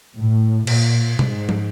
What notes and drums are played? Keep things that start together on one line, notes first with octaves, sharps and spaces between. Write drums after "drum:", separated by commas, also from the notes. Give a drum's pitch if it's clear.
A2
A#2, drum: cymbal
G#2, drum: tom B2
drum: tom